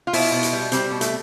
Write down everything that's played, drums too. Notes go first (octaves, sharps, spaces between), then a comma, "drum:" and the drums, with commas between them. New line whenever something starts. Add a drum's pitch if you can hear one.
F4
B2 E4, drum: open hi-hat
B2
drum: hi-hat
G3
G3 C4, drum: hi-hat
B2
A3, drum: hi-hat